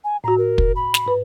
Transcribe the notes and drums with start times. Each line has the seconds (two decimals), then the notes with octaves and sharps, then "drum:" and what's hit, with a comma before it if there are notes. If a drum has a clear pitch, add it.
0.04 G#5
0.24 A2 F#4 A#5
0.38 A#4
0.58 drum: kick
0.76 B5
0.94 drum: snare
1.06 G#2 B4